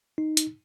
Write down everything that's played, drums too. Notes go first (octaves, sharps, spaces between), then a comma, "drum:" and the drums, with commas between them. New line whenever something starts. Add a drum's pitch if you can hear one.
D#4
drum: hi-hat